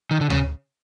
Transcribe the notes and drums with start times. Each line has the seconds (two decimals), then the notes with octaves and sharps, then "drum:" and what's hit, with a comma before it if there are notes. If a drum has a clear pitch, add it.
0.11 D#3
0.21 D3
0.30 C#3, drum: tom D2